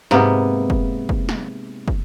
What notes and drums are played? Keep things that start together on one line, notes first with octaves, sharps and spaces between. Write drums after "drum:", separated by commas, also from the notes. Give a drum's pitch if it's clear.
G#2 C3 A#3 B3, drum: snare
drum: kick
drum: kick
drum: snare
drum: kick